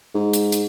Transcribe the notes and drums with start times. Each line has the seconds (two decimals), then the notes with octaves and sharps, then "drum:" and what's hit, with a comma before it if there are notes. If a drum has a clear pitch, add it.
0.14 G#2
0.33 drum: hi-hat
0.52 drum: hi-hat